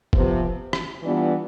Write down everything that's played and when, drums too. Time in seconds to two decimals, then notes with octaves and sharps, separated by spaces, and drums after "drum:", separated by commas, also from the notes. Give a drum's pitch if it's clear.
0.13 C3 F3 B3, drum: kick
0.73 drum: rim click
1.02 E3 G3 B3 D4 F4